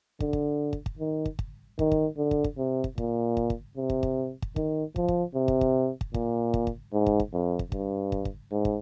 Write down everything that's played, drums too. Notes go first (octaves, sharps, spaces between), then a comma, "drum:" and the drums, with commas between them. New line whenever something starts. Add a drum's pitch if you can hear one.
D3, drum: kick
drum: kick
drum: kick
drum: kick
D#3
drum: kick
drum: kick
D#3, drum: kick
drum: kick
D3
drum: kick
drum: kick
C3
drum: kick
A#2, drum: kick
drum: kick
drum: kick
C3
drum: kick
drum: kick
drum: kick
D#3, drum: kick
F3, drum: kick
drum: kick
C3
drum: kick
drum: kick
drum: kick
A#2, drum: kick
drum: kick
drum: kick
G#2
drum: kick
drum: kick
F2
drum: kick
G2, drum: kick
drum: kick
drum: kick
G#2
drum: kick